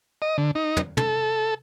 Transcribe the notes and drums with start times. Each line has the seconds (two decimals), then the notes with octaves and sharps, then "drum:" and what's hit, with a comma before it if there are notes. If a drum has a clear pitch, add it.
0.22 D#5
0.38 D3
0.55 D#4
0.77 drum: tom
0.97 A4, drum: tom